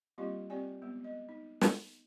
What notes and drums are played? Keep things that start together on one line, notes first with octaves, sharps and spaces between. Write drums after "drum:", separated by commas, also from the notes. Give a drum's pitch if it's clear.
G3 A#3 C4 F4 G4 D#5
C4 G4 D5 G#5
G#3 B3
D#5
D#4
drum: snare